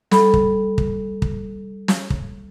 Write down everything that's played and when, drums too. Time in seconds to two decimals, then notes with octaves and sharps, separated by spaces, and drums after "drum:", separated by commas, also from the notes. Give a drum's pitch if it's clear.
0.11 G3 A4 B5, drum: snare
0.34 drum: kick
0.78 drum: kick
1.22 drum: kick
1.88 drum: snare
2.10 drum: kick